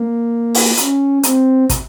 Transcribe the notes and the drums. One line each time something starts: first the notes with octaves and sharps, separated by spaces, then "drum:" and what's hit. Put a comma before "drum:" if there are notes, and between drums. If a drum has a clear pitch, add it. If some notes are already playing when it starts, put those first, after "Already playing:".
Already playing: A#3
drum: open hi-hat
C#4, drum: hi-hat
C4, drum: hi-hat
drum: kick, hi-hat